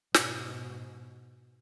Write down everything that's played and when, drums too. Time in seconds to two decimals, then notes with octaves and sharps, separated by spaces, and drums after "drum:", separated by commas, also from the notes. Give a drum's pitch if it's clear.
0.14 G#2 B2, drum: snare